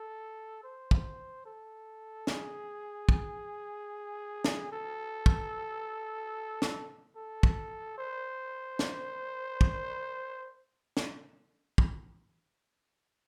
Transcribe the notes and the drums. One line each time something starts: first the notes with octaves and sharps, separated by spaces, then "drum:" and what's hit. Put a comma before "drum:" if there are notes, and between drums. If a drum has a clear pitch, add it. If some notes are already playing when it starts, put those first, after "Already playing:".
Already playing: A4
C5
drum: kick
A4
G#4, drum: snare
drum: kick
drum: snare
A4
drum: kick
drum: snare
A4
drum: kick
C5
drum: snare
drum: kick
drum: snare
drum: kick